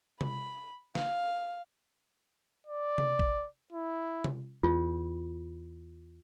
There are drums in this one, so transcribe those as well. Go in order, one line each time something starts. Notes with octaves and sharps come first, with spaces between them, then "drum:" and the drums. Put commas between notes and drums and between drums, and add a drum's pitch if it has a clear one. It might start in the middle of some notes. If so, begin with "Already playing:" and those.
B5, drum: tom C3
F5, drum: snare
D5
drum: tom C3
drum: kick
E4
drum: tom C3
E2 F4